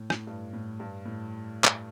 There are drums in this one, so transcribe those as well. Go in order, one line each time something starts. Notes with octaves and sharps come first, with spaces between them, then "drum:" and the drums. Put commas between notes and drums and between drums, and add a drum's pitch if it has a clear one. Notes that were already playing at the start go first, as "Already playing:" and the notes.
Already playing: A2
A2, drum: rim click
G2
A2
G2
A2
drum: clap